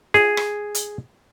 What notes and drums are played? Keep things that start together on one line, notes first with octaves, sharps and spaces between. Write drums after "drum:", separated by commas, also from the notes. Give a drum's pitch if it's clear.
G#4, drum: snare
drum: rim click
drum: hi-hat